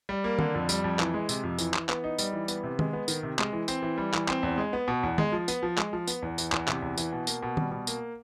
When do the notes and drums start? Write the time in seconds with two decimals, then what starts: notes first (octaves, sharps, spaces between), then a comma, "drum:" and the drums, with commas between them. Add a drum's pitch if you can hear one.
0.09 G3
0.24 A#3
0.39 D3, drum: tom D#3
0.55 F2
0.69 G3, drum: tambourine
0.84 F2
0.99 E3, drum: clap
1.14 G#3
1.29 C3, drum: tambourine
1.44 F2
1.59 E3, drum: tambourine
1.74 E3, drum: clap
1.89 B3, drum: clap
2.04 D#4
2.18 G3, drum: tambourine
2.33 E3
2.48 B3, drum: tambourine
2.63 C3
2.79 G#3, drum: tom D#3
2.93 B3
3.08 D#3, drum: tambourine
3.23 C3
3.39 G#3, drum: clap
3.53 E3
3.68 C4, drum: tambourine
3.83 E3
3.98 G3
4.14 E3, drum: clap
4.28 C4, drum: clap
4.43 E2
4.58 G#3
4.73 B3
4.88 B2
5.03 E2
5.18 G#3, drum: tom D#3
5.32 F3
5.48 B3, drum: tambourine
5.63 F3
5.78 G#3, drum: clap
5.93 F3
6.08 B3, drum: tambourine
6.22 E2
6.38 E3, drum: tambourine
6.52 E2, drum: clap
6.68 C3, drum: clap
6.82 E2
6.98 E3, drum: tambourine
7.13 B2
7.27 A#3, drum: tambourine
7.42 B2
7.57 G3, drum: tom D#3
7.71 B2
7.87 A#3, drum: tambourine